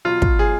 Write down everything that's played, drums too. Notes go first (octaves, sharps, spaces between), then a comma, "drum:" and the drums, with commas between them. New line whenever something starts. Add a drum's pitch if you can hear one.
B2 F#3 F4
drum: kick
G#4